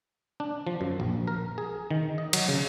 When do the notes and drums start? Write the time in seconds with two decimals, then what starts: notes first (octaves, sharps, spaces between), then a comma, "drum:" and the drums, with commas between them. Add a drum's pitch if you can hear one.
0.40 D4
0.67 F3
0.81 F#2
1.00 A#1
1.28 A#4
1.58 G#4
1.91 D#3
2.18 D#5
2.33 F#3, drum: cymbal
2.48 C#3